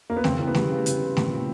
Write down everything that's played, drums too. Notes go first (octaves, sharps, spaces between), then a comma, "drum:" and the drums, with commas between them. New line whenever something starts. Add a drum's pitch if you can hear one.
A#3
B3
C#3 C4, drum: snare A3
E3
B3
G3, drum: snare A3
C#3
C#3, drum: hi-hat
E3
A#2, drum: snare A3
F3